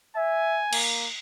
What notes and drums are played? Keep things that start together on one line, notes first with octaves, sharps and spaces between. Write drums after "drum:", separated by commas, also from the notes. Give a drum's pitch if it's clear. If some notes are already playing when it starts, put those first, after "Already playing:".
E5 G#5
A#3, drum: cymbal